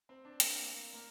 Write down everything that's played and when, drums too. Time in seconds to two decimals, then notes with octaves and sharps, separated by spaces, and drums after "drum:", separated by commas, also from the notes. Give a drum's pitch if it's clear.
0.09 C4
0.25 D4
0.40 A#3, drum: hi-hat
0.94 A#3